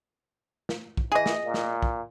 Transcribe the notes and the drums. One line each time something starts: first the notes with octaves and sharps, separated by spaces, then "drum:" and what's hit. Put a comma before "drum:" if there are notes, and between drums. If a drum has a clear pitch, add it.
drum: snare
drum: kick
E3 G#4 D#5
drum: snare
A#2
drum: snare
drum: kick